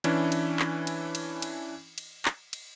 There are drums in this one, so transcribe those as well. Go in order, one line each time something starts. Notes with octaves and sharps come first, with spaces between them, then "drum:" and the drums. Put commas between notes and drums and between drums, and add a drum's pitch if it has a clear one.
E3 C#4 D4 E4, drum: cymbal
drum: cymbal
drum: clap
drum: cymbal
drum: cymbal
drum: cymbal
drum: cymbal
drum: clap
drum: cymbal